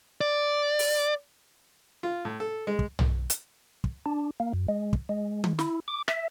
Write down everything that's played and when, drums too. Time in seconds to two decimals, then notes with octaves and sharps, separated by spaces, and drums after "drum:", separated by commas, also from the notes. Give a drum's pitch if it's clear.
0.21 D5
0.79 drum: open hi-hat
2.03 F4
2.25 A2
2.40 A4
2.67 G#3
2.79 drum: kick
2.99 drum: tom
3.30 drum: hi-hat
3.84 drum: kick
4.06 D4
4.40 A#3
4.53 F#2
4.68 G#3
4.93 drum: kick
5.09 G#3
5.44 drum: tom D#3
5.59 E4, drum: snare
5.88 D6
6.08 E5, drum: rim click